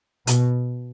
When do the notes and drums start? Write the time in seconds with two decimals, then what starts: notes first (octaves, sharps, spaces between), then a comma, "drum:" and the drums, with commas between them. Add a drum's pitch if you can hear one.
0.27 B2, drum: hi-hat